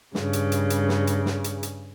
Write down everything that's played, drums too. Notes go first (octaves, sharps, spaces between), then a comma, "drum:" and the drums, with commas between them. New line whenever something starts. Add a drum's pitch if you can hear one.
G2 C#3, drum: snare
drum: hi-hat
drum: hi-hat
drum: hi-hat
drum: snare
drum: hi-hat
drum: snare
drum: hi-hat
drum: hi-hat